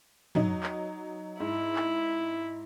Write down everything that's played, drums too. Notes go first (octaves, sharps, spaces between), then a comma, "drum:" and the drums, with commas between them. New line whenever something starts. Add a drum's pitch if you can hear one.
F#3 D#4, drum: tom
drum: clap
G#2 E4
drum: clap